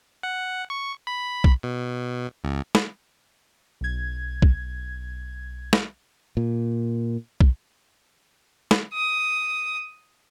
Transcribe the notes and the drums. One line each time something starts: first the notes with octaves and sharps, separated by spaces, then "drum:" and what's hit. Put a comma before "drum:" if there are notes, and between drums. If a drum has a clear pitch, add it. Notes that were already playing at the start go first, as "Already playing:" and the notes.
F#5
C#6
B5
drum: kick
B2
C#2
drum: snare
B1 G#6
drum: kick
drum: snare
A#2
drum: kick
drum: snare
D#6